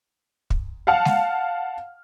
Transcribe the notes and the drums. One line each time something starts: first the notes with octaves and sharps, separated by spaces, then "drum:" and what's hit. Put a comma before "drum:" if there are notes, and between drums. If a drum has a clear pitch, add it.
drum: kick
F5 F#5 A5 F6
drum: snare